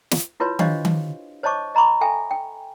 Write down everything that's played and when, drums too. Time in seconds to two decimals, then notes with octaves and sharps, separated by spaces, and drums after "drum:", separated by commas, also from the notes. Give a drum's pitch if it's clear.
0.11 drum: snare
0.40 E4 F4 B4 C#5 C6
0.59 D4 G4 C5 C#5 D#5 F5, drum: tom D#3
0.85 drum: tom D#3
1.43 C5 C#5 D#5 A5 C#6 D6
1.75 D#5 A#5 B5 C#6 D6
2.01 A4 E5 G5 G#5
2.31 G5